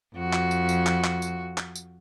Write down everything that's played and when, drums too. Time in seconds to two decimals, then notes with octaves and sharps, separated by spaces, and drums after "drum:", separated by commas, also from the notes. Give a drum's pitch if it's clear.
0.15 F2 F#4
0.33 drum: clap
0.51 drum: tambourine
0.69 drum: tambourine
0.87 drum: clap
1.04 drum: clap
1.22 drum: tambourine
1.58 drum: clap
1.75 drum: tambourine